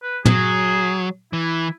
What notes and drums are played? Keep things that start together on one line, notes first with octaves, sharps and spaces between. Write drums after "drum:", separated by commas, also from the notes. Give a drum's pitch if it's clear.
B4
F#3 G#4, drum: tom
E3 E4